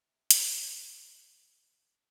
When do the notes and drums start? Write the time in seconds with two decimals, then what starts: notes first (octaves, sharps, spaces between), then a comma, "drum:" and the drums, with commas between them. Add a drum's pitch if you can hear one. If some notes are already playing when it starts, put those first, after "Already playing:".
Already playing: C3
0.31 drum: hi-hat
0.83 F3